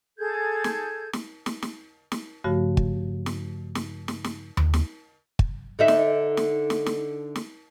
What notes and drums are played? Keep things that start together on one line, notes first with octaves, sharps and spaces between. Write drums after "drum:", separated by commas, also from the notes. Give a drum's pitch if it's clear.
G#4 A4 G6 G#6
drum: snare
drum: snare
drum: snare
drum: snare
drum: snare
G2 C#3 F3 A3 F#4
drum: kick
drum: snare
drum: snare
drum: snare
drum: snare
drum: tom D#2
drum: snare
drum: kick
D3 D#4 E5
drum: snare
drum: snare
drum: snare
drum: snare
drum: snare